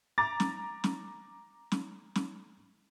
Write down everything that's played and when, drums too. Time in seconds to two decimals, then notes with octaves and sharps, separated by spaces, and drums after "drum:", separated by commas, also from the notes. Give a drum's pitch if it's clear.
0.18 A#5 D6 A6
0.40 drum: snare
0.84 drum: snare
1.72 drum: snare
2.16 drum: snare